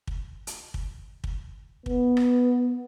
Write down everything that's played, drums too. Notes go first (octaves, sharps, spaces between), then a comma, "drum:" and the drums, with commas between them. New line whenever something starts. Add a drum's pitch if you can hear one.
drum: kick
drum: hi-hat
drum: kick
drum: kick
B3, drum: kick
drum: rim click